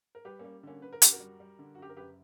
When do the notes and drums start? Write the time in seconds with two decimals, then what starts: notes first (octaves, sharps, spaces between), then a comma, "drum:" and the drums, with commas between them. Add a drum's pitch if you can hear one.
0.15 A#4
0.25 G3 G4 B4
0.39 G3 A#3 C#4
0.63 D3 A#3 C#4
0.82 D3 B4
0.93 A#4
1.02 F#2 G4, drum: hi-hat
1.12 F#4 A#4
1.20 G3
1.40 G3
1.59 D3
1.75 F#4
1.78 F#2 G4
1.89 A#4
1.97 F#1 G4 B4